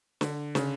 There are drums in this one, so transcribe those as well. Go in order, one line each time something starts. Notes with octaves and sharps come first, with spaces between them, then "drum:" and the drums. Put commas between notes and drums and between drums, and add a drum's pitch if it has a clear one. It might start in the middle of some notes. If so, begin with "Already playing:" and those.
D3, drum: snare
C#3, drum: snare